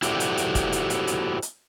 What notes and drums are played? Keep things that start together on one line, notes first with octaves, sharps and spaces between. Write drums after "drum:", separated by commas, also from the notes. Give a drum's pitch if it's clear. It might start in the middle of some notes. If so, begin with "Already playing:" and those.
E4 F#4 G4 A4 C5 D5, drum: hi-hat
drum: hi-hat
drum: hi-hat
drum: kick, hi-hat
drum: hi-hat
drum: hi-hat
drum: hi-hat
drum: hi-hat